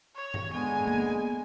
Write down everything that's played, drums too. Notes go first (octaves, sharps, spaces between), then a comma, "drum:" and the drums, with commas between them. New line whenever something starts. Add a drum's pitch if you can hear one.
C#5
drum: tom
D3 G#3 B3 G#5
A#3